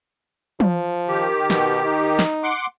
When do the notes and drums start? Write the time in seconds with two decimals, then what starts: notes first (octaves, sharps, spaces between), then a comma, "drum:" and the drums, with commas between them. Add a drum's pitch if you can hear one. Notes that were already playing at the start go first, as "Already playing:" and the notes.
0.60 F3, drum: tom
1.08 D#3 G4
1.50 B2, drum: snare
1.86 D#4
2.19 drum: snare
2.43 F#5 C6 D6